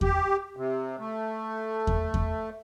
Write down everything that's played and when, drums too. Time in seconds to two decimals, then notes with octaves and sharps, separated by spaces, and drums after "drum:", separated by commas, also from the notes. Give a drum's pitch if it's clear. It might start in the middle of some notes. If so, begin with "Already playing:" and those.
0.01 G4, drum: kick E2
0.57 C3
0.99 A3
1.87 drum: kick E2
2.14 drum: kick E2